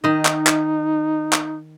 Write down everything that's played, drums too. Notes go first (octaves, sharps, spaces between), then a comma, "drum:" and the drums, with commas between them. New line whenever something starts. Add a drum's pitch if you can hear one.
D#3 D#4 D#5
drum: clap
drum: clap
drum: clap